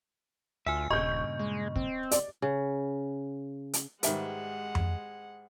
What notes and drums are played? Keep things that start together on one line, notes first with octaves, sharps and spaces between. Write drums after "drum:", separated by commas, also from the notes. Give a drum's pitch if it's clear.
D2 F4 E5 G#5 E6
D#1 G2 A#2 C#3 D#5 C#6 G6
G#3
C4, drum: kick
D5, drum: hi-hat
C#3
drum: hi-hat
G#2 D#3 G3 G#3 B4 E5 F#5, drum: hi-hat
drum: tom F2